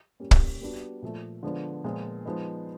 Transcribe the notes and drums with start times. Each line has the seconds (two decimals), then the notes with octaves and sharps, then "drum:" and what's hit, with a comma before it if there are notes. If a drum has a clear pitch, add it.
0.20 G3 A#3 C#4
0.31 drum: kick
0.61 G3 B3 D4 F#4
1.02 A#2 F3 A3
1.43 D3 F3 G#3 B3 D4
1.84 A#2 F3 G#3 B3
2.25 F3 G#3 B3 D#4